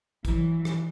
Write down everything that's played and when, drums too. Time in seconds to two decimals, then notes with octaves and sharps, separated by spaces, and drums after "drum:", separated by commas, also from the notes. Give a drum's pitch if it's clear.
0.25 E3 F#3, drum: kick A1, hi-hat
0.65 drum: rim click